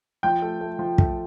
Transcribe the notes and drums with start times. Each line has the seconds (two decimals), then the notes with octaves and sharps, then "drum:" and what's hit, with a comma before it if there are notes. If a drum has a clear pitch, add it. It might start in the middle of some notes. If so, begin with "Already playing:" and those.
0.23 F3 G5 G6
0.42 A3
0.61 A3
0.79 F3
0.98 A3, drum: kick